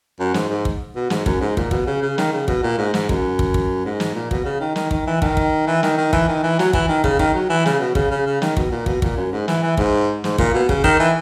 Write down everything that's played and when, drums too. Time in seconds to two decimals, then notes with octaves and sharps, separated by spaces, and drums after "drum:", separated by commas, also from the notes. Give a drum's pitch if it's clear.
0.19 F#2
0.34 G#2, drum: snare
0.50 G#2
0.65 drum: kick
0.96 B2
1.10 G#2, drum: snare
1.26 F#2, drum: kick
1.41 G#2
1.57 A#2, drum: kick
1.71 B2, drum: kick
1.87 C#3
2.02 C#3
2.18 D#3, drum: snare
2.33 C#3
2.48 B2, drum: kick
2.63 A#2
2.78 G#2
2.94 G#2, drum: snare
3.09 F#2, drum: kick
3.39 drum: kick
3.54 drum: kick
3.85 G#2
4.00 drum: snare
4.15 A#2
4.31 B2, drum: kick
4.45 C#3
4.60 D#3
4.76 D#3, drum: snare
4.91 D#3, drum: kick
5.07 E3
5.22 D#3, drum: kick
5.37 drum: kick
5.67 E3
5.83 D#3, drum: snare
5.97 D#3
6.13 E3, drum: kick
6.28 D#3
6.43 E3
6.59 F#3, drum: snare
6.73 E3, drum: kick
6.89 D#3
7.04 C#3, drum: kick
7.19 D#3, drum: kick
7.34 F#3
7.50 E3
7.66 C#3, drum: snare
7.80 B2
7.95 C#3, drum: kick
8.11 C#3
8.26 C#3
8.42 D#3, drum: snare
8.57 B2, drum: kick
8.71 A#2
8.86 B2, drum: kick
9.02 A#2, drum: kick
9.17 F#2
9.32 G#2
9.48 E3, drum: snare
9.63 E3
9.77 G#2, drum: kick
10.24 G#2, drum: snare
10.38 A#2, drum: kick
10.54 B2
10.69 C#3, drum: kick
10.84 D#3, drum: kick
10.99 E3